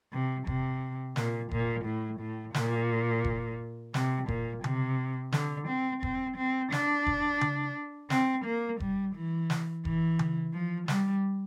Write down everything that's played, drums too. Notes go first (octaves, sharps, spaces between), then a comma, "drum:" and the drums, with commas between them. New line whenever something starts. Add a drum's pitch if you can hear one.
C3
C3, drum: kick F1
A#2, drum: snare
A#2, drum: kick F1
A2
A2
A#2, drum: snare
drum: kick F1
C3, drum: snare
A#2, drum: kick F1
C3, drum: tom C#3
D3, drum: snare
C4
C4, drum: kick F1
C4
D4, drum: snare
drum: kick F1
drum: tom C#3
C4, drum: snare
A#3
G3, drum: kick F1
E3
drum: snare
E3, drum: kick F1
drum: tom C#3
F3
G3, drum: snare